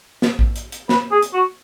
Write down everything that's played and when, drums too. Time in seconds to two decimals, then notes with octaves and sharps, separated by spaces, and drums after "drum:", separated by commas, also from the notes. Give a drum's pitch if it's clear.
0.22 drum: snare
0.39 drum: kick A1
0.56 drum: hi-hat
0.72 drum: hi-hat
0.89 B4, drum: snare
1.11 G#4
1.22 drum: hi-hat
1.33 F#4